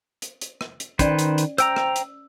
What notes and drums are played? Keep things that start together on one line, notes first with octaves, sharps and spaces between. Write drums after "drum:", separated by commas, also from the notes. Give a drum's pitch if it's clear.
drum: hi-hat
drum: hi-hat
drum: rim click
drum: hi-hat
D#3 C#4 B4 C5 D5, drum: kick, hi-hat
drum: hi-hat
drum: hi-hat
C5 G5 A#5 E6, drum: hi-hat
drum: rim click
drum: hi-hat